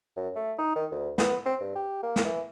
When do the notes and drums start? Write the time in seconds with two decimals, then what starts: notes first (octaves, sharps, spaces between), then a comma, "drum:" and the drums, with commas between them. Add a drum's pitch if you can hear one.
0.17 F#2
0.36 A3
0.59 D#4
0.76 D#3
0.92 D2
1.18 B3, drum: snare
1.46 C4
1.61 G2
1.76 G4
2.03 A#3
2.16 drum: snare
2.25 E3